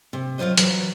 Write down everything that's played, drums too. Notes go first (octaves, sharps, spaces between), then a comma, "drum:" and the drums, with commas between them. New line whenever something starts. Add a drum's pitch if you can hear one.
C3
F#3 F4 G#4 C5 D#5
E3 F#3, drum: hi-hat